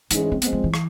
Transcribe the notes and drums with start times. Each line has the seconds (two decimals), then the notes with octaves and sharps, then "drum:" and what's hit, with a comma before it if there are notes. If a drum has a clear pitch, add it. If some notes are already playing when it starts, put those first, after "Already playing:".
0.11 G#2 E3 G#3 C#4 D#4, drum: hi-hat
0.32 C4
0.42 F3 G#3 B3 C4, drum: hi-hat
0.52 A3
0.64 E3
0.74 drum: rim click